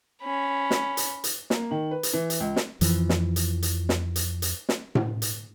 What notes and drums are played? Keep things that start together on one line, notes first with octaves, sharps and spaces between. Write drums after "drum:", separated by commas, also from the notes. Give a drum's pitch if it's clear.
C#4 B5
drum: snare
drum: hi-hat
drum: hi-hat
A#3, drum: snare
D#3
B4
drum: hi-hat
E3
drum: hi-hat
C#2
drum: snare
F2 E3 F3, drum: hi-hat
drum: snare
drum: hi-hat
drum: hi-hat
drum: snare
drum: hi-hat
drum: hi-hat
drum: snare
drum: tom A2
drum: hi-hat